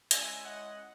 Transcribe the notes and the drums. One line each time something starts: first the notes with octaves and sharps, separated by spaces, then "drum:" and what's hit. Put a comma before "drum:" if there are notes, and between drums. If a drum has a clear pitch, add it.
G#3 C#4 E4 E5 G#5, drum: hi-hat
D#5 F#5